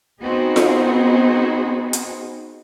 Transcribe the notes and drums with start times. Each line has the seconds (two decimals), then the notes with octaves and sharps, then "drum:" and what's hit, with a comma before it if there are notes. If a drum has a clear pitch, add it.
0.22 B3 C4 D#4 F#4 G#4
0.56 drum: snare F4
1.93 drum: hi-hat